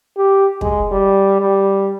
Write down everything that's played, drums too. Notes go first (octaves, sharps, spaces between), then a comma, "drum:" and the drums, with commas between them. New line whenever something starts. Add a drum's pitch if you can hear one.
G4
G#3, drum: kick
G3
G3